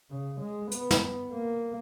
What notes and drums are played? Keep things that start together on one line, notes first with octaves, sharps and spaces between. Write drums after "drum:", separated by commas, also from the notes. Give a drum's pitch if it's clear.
C#3
G#3
B3, drum: hi-hat
drum: snare
A#3